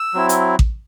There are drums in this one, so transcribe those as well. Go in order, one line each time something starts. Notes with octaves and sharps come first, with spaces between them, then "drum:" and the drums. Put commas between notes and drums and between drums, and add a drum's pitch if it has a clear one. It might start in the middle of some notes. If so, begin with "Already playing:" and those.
Already playing: E6
F#3 C4 E4
drum: hi-hat
drum: kick A1